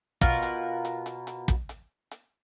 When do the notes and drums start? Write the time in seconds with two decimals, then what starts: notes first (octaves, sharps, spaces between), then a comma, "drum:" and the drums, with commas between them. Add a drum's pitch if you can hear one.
0.21 B2 F4 A#4 F#5, drum: kick, hi-hat
0.43 drum: hi-hat
0.85 drum: hi-hat
1.06 drum: hi-hat
1.27 drum: hi-hat
1.48 drum: kick, hi-hat
1.69 drum: hi-hat
2.11 drum: hi-hat